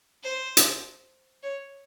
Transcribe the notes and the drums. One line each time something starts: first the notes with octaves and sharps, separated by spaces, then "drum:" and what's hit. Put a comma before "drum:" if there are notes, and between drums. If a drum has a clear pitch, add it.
C5
drum: hi-hat
C#5